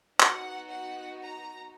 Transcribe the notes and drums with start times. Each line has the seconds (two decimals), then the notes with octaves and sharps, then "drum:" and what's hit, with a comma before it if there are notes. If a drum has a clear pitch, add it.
0.20 B3 D#4 F#4 F#5, drum: clap
0.70 F#5
1.21 A#5